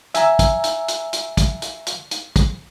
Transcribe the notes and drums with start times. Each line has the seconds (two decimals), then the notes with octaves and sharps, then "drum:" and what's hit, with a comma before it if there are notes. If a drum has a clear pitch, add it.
0.14 E5 G#5 A#5 E6, drum: hi-hat
0.39 drum: kick, hi-hat
0.64 drum: hi-hat
0.88 drum: hi-hat
1.13 drum: hi-hat
1.37 drum: kick, hi-hat
1.62 drum: hi-hat
1.87 drum: hi-hat
2.11 drum: hi-hat
2.36 drum: kick, hi-hat